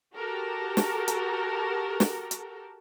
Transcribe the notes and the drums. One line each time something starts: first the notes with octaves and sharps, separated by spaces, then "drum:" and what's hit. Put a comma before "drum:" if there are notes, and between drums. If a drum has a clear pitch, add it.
F#4 G4 A4 A#4
drum: snare
drum: hi-hat
drum: snare
drum: hi-hat